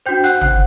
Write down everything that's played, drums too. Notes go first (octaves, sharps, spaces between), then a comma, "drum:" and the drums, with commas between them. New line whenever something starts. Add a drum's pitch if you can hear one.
D4 F#4 C5 G5 G6
F#5 F#6, drum: hi-hat
F#5 F#6, drum: tom